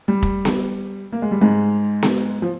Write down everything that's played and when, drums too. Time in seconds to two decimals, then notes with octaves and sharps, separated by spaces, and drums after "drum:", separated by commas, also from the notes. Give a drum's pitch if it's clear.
0.08 G3
0.22 drum: kick
0.45 drum: snare B3
1.12 A#3
1.22 G#3
1.31 G3
1.41 G#2 G#3
2.03 drum: snare B3
2.42 F3